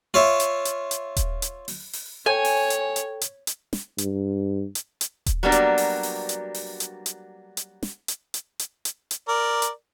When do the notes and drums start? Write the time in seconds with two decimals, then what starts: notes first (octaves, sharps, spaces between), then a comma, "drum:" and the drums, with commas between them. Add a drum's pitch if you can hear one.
0.14 F4 C#5 E5
0.40 drum: hi-hat
0.65 drum: hi-hat
0.91 drum: hi-hat
1.17 drum: kick D#1, hi-hat
1.42 drum: hi-hat
1.68 drum: open hi-hat
1.93 drum: open hi-hat
2.26 A4 C#5 G5 G#5
2.45 drum: open hi-hat
2.70 drum: hi-hat
2.96 drum: hi-hat
3.21 drum: hi-hat
3.47 drum: hi-hat
3.73 drum: snare
3.98 G2, drum: hi-hat
4.75 drum: hi-hat
5.01 drum: hi-hat
5.26 drum: kick D#1, hi-hat
5.43 F#3 G3 A#3 B3 D4 F#4
5.52 drum: hi-hat
5.78 drum: open hi-hat
6.03 drum: open hi-hat
6.29 drum: hi-hat
6.54 drum: open hi-hat
6.80 drum: hi-hat
7.06 drum: hi-hat
7.57 drum: hi-hat
7.83 drum: snare
8.08 drum: hi-hat
8.34 drum: hi-hat
8.59 drum: hi-hat
8.85 drum: hi-hat
9.11 drum: hi-hat
9.28 A#4 D5
9.62 drum: hi-hat